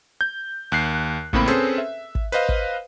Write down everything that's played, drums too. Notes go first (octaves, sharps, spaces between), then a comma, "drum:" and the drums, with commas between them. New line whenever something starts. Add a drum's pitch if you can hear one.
G6
D#2 F#6 C7
C#2 A2 A#3 C4 B5, drum: kick
C4 C#4 G#4 A4 B4 C5, drum: hi-hat
E5
drum: kick
B4 C5 D#5 F5, drum: hi-hat
drum: kick